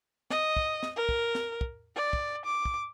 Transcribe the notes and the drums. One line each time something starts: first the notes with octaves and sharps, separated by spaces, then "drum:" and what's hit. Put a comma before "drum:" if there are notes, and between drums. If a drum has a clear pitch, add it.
D#5, drum: snare
drum: kick
drum: snare
A#4
drum: kick
drum: snare
drum: kick
D5
drum: kick
D6
drum: kick